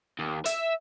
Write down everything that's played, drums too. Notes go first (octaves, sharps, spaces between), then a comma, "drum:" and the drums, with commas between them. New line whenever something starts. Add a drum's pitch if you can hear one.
D#2
E5, drum: hi-hat